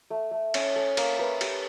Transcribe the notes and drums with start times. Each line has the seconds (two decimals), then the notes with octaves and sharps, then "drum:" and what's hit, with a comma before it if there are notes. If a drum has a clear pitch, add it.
0.10 A3
0.31 A3
0.54 C#4, drum: cymbal
0.76 A3
0.97 A#3, drum: cymbal
1.19 B4
1.41 G4, drum: cymbal